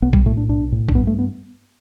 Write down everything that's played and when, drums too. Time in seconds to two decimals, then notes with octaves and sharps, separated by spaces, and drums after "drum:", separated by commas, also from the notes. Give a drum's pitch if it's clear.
0.02 B1 B3
0.13 G3, drum: kick A#1
0.26 A2 A3
0.37 D4
0.49 B1 D4
0.72 A2
0.89 D4, drum: kick A#1
0.95 G2 B3
1.07 A3
1.19 B3